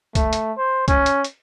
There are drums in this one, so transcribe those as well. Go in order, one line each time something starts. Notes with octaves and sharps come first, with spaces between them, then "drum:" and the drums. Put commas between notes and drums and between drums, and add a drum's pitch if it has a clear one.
A3, drum: kick, hi-hat
drum: hi-hat
C5
C#4, drum: kick, hi-hat
drum: hi-hat
drum: hi-hat